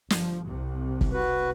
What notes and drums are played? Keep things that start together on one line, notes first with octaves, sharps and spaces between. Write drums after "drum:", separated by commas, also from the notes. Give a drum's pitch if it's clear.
G1 F3, drum: snare
C2 C3
drum: kick
F#4 B4